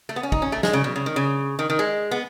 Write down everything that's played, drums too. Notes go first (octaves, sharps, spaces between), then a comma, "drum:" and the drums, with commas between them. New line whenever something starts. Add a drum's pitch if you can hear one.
A3
B3
C#4
D#4, drum: kick
C#4
A3
G#3, drum: snare
C#3
B2
C#3
D#3
C#3
D#3
D#3
G#3
B3